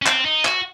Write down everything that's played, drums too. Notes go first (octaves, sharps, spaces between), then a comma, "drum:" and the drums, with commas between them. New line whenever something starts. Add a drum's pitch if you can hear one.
C#4
C4, drum: clap
D#4
F#4, drum: clap